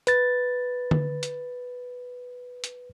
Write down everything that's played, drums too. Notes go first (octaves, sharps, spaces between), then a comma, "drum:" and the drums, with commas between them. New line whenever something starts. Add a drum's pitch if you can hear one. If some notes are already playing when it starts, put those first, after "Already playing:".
B4 A6, drum: hi-hat
drum: tom D3
drum: hi-hat
drum: hi-hat